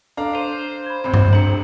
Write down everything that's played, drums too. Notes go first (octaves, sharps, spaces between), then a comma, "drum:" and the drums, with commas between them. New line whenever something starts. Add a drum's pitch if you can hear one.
D4 A4 F5 A#5
C5 D#7 F7
B5 G#6
G#1 C3 B5
drum: tom G2
D#1 D4 A#5 C#7 F#7